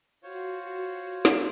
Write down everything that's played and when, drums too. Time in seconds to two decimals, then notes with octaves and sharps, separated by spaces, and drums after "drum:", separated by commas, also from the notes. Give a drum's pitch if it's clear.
0.23 F4 F#4 C5 C#5
1.25 drum: snare